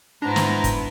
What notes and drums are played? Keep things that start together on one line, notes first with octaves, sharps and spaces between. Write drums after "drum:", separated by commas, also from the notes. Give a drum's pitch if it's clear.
G#2 B3 D4 E4 C5 A#5
drum: snare
drum: kick, hi-hat